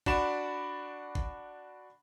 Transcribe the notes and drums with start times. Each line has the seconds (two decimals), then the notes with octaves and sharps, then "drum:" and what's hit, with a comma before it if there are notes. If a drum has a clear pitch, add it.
0.06 D4 F#4 D5 B5 E7, drum: kick
1.15 drum: kick